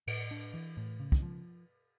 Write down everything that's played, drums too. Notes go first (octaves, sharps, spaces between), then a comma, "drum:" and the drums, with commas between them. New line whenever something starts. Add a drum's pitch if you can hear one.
A2, drum: cymbal
D4
E3
A2
C#3
drum: kick
F3